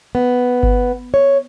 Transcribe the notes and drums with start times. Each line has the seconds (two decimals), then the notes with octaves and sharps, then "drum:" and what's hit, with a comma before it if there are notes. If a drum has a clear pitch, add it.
0.15 B3
0.63 drum: kick G1
1.14 C#5